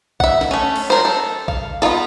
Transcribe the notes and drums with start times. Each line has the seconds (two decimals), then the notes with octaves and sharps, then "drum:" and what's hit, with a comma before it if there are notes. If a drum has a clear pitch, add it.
0.20 E5 F#5, drum: kick A1
0.41 drum: snare
0.51 A3 C#4
0.76 drum: cymbal
0.90 F#3 A#4 C5
1.05 A4
1.48 F5, drum: kick A1
1.82 B3 D#4 F4 A4